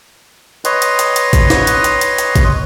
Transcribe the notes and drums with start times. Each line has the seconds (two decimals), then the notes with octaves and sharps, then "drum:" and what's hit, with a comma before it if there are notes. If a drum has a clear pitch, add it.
0.65 B4 C#5 D#5 C6, drum: hi-hat
0.82 drum: hi-hat
0.99 drum: hi-hat
1.16 drum: hi-hat
1.33 drum: kick, hi-hat
1.50 drum: snare
1.67 drum: hi-hat
1.84 drum: hi-hat
2.01 drum: hi-hat
2.18 drum: hi-hat
2.36 drum: kick, hi-hat